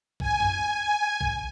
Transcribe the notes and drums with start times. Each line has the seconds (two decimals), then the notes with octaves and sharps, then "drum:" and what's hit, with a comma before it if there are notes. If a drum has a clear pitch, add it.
0.20 G#5, drum: kick
0.40 drum: tom F#2
1.21 drum: kick